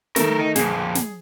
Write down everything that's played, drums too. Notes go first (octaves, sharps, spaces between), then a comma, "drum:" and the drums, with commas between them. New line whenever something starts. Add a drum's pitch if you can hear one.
D#3 A3 A4 A#4, drum: snare
D#4
F2 A#2 G#4, drum: snare
drum: snare